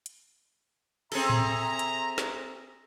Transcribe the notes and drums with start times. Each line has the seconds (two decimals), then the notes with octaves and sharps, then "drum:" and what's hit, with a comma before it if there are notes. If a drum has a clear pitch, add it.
0.06 drum: hi-hat
1.12 C4 G#4 A4 E5 G#5 A#5, drum: cymbal
1.29 drum: tom A2
1.79 drum: hi-hat
2.18 drum: snare